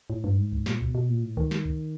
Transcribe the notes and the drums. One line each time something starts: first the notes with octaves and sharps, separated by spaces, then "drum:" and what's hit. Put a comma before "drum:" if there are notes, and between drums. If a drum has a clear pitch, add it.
A2
G2
G#2
drum: kick C#2
A#2, drum: snare
B2, drum: kick C#2
B2
A#2
A2
D#3, drum: kick C#2
drum: snare
drum: kick C#2